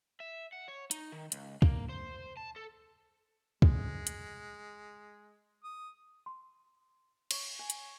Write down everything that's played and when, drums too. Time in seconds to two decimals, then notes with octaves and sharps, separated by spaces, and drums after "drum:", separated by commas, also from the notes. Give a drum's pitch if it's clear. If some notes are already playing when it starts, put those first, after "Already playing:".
0.20 E5
0.53 F#5
0.68 C#5
0.91 D#4, drum: hi-hat
1.12 D#3
1.32 C#2, drum: hi-hat
1.62 A#3, drum: kick
1.89 C5
2.37 A5
2.56 A4
3.62 G#3, drum: kick
4.07 drum: hi-hat
5.64 D#6
6.26 C6
7.31 C#5, drum: cymbal
7.59 G#5
7.70 drum: hi-hat